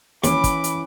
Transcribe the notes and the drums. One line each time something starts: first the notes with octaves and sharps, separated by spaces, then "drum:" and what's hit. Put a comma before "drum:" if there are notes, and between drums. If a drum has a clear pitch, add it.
D#2 E3 C#4 G#4 B5 D6, drum: hi-hat
drum: kick, hi-hat
drum: hi-hat